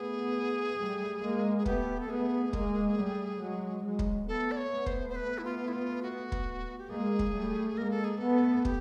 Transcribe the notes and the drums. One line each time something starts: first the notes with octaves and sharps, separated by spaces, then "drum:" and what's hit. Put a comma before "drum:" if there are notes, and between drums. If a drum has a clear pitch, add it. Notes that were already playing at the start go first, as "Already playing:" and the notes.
Already playing: A3 B3 G#4
G3 A3
G#3 A#3
G#4
A3 B3 G4, drum: kick
A4
A3 B3 G#4
G#3 A#3, drum: kick
G3 A3
F#3 G#3
F#3 G#3
drum: kick
A3 B3 A4
D5
C#5
A3 B3
C5, drum: kick
C5
B4
E4
F4
E4
F4
F#4
drum: kick
G4
G#3 A#3 G#4
drum: kick
G3 A3
G#3 A#3 A#4
A4
G#4
A3 B3 A4
G4, drum: kick